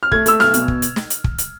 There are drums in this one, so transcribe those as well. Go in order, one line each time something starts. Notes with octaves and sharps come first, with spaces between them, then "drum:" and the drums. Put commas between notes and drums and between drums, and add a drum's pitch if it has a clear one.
F6
A3 G#6, drum: kick
A3 E6, drum: hi-hat
B1 F6, drum: snare
B2, drum: hi-hat
drum: kick
drum: hi-hat
drum: snare
drum: hi-hat
drum: kick
drum: hi-hat